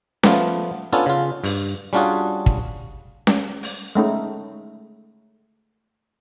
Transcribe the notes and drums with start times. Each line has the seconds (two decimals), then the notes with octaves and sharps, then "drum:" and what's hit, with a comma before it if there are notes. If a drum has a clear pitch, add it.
0.23 F3 A3 B3 F4, drum: snare C#4
0.93 B3 C#4 D4 F4 A4 C#5
1.06 C#3 F4
1.44 G2, drum: open hi-hat
1.93 G3 C#4 D4 F4 F#4 G#4
2.46 drum: kick
3.27 drum: snare C#4
3.63 drum: open hi-hat
3.95 G#3 A3 C#4 D#4